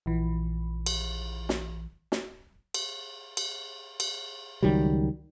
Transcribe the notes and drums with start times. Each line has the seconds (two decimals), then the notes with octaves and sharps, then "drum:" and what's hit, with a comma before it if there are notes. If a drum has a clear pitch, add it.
0.06 A#1 E3
0.86 drum: cymbal
1.49 drum: snare
2.12 drum: snare
2.74 drum: cymbal
3.37 drum: cymbal
4.00 drum: cymbal
4.62 C#2 D#3 F#3 G3